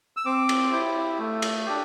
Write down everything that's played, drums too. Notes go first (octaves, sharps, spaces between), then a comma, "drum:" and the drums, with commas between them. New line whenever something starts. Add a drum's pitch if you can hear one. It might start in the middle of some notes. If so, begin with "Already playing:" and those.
E6
C4 D6
drum: cymbal
E4 G4
A3
drum: cymbal
D4 G4